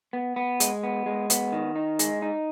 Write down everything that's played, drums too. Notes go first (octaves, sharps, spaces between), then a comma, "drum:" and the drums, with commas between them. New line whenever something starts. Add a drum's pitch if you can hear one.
B3
B3
G#3, drum: hi-hat
B3
G#3
B3, drum: hi-hat
D#3
D#4
G#3, drum: hi-hat
D#4